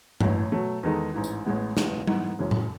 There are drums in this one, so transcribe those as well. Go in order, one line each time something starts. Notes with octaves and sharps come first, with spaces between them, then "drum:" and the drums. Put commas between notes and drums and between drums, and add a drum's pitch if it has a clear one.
A1 A2 F#3, drum: tom G2
B2 F#3 A3
E2 D#3 G#3 D#4 A4
A1 G#2 E3
drum: tambourine
A1 A2 G#3 B3
E1 E2 C#3 E3 G#3, drum: snare
G#2 E3 B3 D#4, drum: tom G3
F#1 F#2 E3 G#3 C#4
drum: tom A2